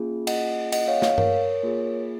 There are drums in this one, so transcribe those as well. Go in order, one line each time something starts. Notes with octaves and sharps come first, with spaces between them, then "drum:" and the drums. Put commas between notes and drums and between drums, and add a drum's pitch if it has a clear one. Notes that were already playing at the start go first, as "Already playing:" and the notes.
Already playing: A#3 C#4 F4 G#4
D#5 F#5, drum: cymbal
D#5 F#5, drum: cymbal
C#5 F5
C#5 F5, drum: snare
A#4 C#5, drum: tom G2
A#3 F4 G#4